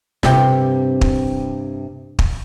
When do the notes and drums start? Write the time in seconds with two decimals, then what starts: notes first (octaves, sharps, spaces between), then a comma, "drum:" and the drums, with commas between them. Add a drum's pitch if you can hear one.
0.23 G2 C3 G4, drum: snare
1.01 drum: kick
2.19 drum: kick